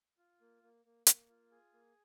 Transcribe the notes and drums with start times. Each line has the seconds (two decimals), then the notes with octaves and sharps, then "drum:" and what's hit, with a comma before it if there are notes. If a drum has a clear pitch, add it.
0.18 F4
0.41 A#3
0.63 A#3
0.85 A#3
1.07 A#3, drum: hi-hat
1.29 F4
1.51 G#4
1.74 A#3